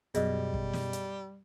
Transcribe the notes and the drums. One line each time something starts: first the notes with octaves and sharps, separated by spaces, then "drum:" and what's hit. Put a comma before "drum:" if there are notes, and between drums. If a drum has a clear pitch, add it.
F#2 B2 G3 G#4 D#5, drum: hi-hat
drum: kick
drum: snare
drum: hi-hat